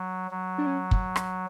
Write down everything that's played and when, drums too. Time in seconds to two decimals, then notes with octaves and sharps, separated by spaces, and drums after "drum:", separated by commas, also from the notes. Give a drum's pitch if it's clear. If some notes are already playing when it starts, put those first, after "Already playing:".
Already playing: F#3
0.31 F#3
0.58 D4
0.66 C#4
0.91 drum: kick
1.16 drum: rim click